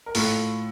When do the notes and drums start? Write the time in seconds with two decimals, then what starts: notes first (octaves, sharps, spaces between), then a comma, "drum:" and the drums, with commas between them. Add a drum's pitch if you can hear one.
0.06 A#4
0.15 A2 F4 A4, drum: open hi-hat